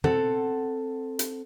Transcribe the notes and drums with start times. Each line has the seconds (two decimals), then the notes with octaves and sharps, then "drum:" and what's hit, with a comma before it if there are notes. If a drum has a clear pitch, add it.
0.04 C4 A4 F#5, drum: tom B2
1.19 drum: hi-hat